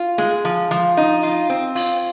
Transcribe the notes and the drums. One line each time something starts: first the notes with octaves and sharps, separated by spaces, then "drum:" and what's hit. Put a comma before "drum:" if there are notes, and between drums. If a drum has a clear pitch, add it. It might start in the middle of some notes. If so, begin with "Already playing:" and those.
Already playing: F4
G#3, drum: snare
F3
F3
D#4
F4
C4
F4, drum: open hi-hat